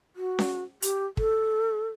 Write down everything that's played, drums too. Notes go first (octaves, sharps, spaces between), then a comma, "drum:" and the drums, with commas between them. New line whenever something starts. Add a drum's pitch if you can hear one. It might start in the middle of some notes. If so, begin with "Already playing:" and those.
F#4
drum: snare C#4
G4, drum: hi-hat
A4, drum: kick